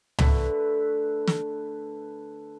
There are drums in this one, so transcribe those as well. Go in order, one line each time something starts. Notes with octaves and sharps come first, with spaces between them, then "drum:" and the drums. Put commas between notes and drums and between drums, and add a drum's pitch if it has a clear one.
D3 A3 B4 E5, drum: tom
drum: snare